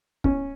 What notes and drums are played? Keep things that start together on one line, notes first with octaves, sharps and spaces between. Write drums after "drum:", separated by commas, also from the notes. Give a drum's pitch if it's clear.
C#4, drum: kick